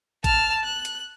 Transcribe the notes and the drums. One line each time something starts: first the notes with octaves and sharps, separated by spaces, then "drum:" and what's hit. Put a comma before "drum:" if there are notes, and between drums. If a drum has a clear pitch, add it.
A5 F6, drum: kick A1, hi-hat
F#6
drum: hi-hat